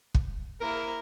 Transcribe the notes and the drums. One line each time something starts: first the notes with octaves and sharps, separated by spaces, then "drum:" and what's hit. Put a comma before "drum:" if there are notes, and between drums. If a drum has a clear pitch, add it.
drum: kick
A#3 E4 A#4